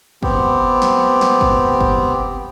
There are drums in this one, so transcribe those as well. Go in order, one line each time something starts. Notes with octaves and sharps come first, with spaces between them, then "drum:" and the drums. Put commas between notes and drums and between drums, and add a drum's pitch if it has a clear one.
B3 C4 G4, drum: kick
drum: snare
drum: snare
drum: kick
drum: kick